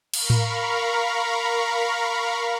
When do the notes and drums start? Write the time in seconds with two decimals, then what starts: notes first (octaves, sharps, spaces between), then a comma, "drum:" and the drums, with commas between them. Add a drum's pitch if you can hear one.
0.14 A#4 F5 A#5 B5 C#6, drum: cymbal
0.30 drum: tom A2